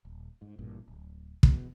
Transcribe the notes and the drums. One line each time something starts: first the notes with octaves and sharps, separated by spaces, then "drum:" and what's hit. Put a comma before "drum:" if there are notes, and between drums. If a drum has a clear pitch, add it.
D#1
G#2
A1 G2 A#2
D1
E1 E2 B2, drum: kick